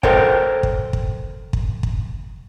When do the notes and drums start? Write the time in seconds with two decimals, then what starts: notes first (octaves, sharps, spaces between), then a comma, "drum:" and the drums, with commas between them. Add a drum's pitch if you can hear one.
0.03 A4 A#4 C5 C#5 G5, drum: kick
0.63 drum: kick
0.93 drum: kick
1.53 drum: kick
1.83 drum: kick